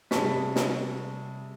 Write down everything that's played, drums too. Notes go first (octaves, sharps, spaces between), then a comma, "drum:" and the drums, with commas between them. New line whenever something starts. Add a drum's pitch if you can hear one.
C3 G3 G#4 A5 C#6 B6, drum: snare
drum: snare